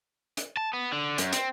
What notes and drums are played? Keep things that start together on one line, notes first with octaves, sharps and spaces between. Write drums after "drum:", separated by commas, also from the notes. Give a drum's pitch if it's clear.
drum: hi-hat
A5
B3
D3
F#2, drum: hi-hat
C4, drum: hi-hat